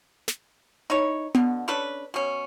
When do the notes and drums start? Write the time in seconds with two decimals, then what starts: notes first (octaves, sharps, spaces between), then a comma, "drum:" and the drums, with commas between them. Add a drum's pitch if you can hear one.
0.28 drum: snare
0.90 D#4 E4 C#5
1.35 B2 D3, drum: tom B3
1.68 C#4 D4 A4 B4
2.14 B2 C#4